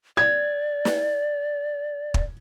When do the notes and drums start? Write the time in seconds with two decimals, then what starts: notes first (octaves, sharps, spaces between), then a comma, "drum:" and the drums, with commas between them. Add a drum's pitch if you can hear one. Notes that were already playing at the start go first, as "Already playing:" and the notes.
0.17 D5 G#6
0.85 drum: snare
2.14 drum: kick